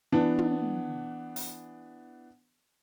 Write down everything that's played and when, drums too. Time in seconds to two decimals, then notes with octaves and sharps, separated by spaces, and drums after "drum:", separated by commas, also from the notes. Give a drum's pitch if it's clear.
0.12 E3 B3 D4
0.38 drum: tom
1.36 drum: open hi-hat